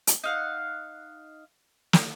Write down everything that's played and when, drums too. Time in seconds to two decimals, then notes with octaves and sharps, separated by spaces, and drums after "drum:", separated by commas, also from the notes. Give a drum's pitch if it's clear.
0.07 drum: hi-hat
0.24 D#4 F5 F#5
1.93 drum: snare